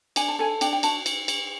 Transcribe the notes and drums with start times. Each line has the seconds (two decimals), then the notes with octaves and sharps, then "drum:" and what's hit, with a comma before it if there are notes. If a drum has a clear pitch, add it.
0.16 D4 G#5, drum: cymbal
0.29 A5
0.39 A4 G#5
0.61 D4 G5, drum: cymbal
0.73 G5
0.83 F#4 A5, drum: cymbal
1.06 drum: cymbal
1.28 drum: cymbal